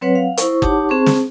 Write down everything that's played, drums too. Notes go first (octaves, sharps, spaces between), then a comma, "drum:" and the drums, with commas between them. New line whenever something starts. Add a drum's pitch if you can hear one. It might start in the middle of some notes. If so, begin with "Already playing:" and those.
F#3 C4 B4 C#5 F#5
F5 F#5
E4 C5 C#6, drum: hi-hat
D#4 G4 C#5 F#5 A5 D6, drum: kick
C4 G#4 C5 A5 C#6
drum: snare